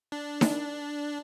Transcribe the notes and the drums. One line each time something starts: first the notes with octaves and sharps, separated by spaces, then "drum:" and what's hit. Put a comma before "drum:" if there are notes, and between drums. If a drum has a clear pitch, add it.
D4
drum: snare D#4